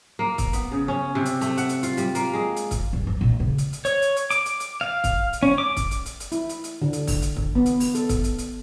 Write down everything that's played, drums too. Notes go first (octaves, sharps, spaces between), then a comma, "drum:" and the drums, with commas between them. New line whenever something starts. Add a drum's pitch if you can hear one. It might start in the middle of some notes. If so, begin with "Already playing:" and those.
A#3
drum: kick, hi-hat
B3, drum: hi-hat
C#3
C#4
C3
drum: hi-hat
A3, drum: hi-hat
F#5, drum: hi-hat
drum: hi-hat
F4, drum: hi-hat
G3, drum: hi-hat
A#3, drum: hi-hat
G#3
drum: hi-hat
drum: kick, hi-hat
G2
F#3
A#1
C#3
drum: hi-hat
drum: hi-hat
C#5, drum: hi-hat
drum: hi-hat
drum: hi-hat
D6, drum: hi-hat
drum: hi-hat
drum: hi-hat
F5
drum: kick, hi-hat
drum: hi-hat
C#4
D6
drum: kick, hi-hat
drum: hi-hat
drum: hi-hat
drum: hi-hat
E4, drum: hi-hat
drum: hi-hat
drum: hi-hat
D3
drum: hi-hat
drum: kick, open hi-hat
drum: hi-hat
drum: kick
B3
drum: hi-hat
drum: open hi-hat
A4, drum: hi-hat
drum: kick, hi-hat
drum: hi-hat
drum: hi-hat